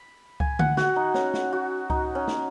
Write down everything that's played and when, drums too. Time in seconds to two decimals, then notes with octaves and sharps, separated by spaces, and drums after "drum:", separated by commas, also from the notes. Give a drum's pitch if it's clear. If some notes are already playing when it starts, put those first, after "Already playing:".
Already playing: B5
0.40 G#5, drum: kick C#2
0.59 F#5, drum: tom D3
0.77 F#4, drum: snare
0.96 D#4
1.14 C#4, drum: snare
1.34 drum: snare
1.53 F#4
1.90 D#4, drum: kick C#2
2.15 C#4
2.28 drum: snare